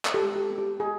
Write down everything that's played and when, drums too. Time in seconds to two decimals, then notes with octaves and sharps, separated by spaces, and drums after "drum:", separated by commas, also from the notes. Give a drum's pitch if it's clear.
0.05 drum: clap
0.14 G4 A4
0.22 G#3
0.36 G4
0.51 B3
0.58 G4
0.80 F#4 G#4